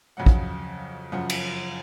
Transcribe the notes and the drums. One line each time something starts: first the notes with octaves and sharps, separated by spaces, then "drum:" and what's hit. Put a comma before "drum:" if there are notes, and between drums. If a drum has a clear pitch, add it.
F2 C#3 F#3 F#5
drum: kick
F#2 C#3 F3 F#5
drum: cymbal